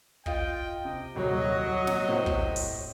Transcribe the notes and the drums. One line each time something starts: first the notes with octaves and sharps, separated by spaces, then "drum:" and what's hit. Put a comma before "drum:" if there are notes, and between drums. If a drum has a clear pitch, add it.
F4 D#5 G5, drum: kick
C3 D#5
D#1 C2 F#3 D#5
drum: snare
A2 C3 C4
drum: kick
drum: open hi-hat